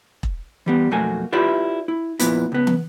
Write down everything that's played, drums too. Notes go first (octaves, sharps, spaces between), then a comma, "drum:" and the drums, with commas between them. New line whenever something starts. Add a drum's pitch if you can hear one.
drum: kick E1
E3 G3 B3
B1 F2 A3 A#3 F#4 G#5
E4 F4 G4 B4 D5 E5
E4
F2 A#2 B3 E4, drum: hi-hat
C#2 B3
drum: tom